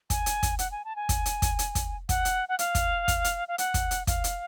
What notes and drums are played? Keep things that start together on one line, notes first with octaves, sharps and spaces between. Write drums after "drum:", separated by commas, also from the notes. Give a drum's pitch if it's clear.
G#5, drum: kick, hi-hat
drum: hi-hat
drum: kick, hi-hat
F#5, drum: hi-hat
G#5
A5
G#5
drum: kick, hi-hat
drum: hi-hat
drum: kick, hi-hat
drum: hi-hat
drum: kick, hi-hat
F#5, drum: kick, hi-hat
drum: hi-hat
F#5
F5, drum: hi-hat
drum: kick, hi-hat
drum: kick, hi-hat
drum: hi-hat
F5
F#5, drum: hi-hat
drum: kick, hi-hat
drum: hi-hat
F5, drum: kick, hi-hat
drum: hi-hat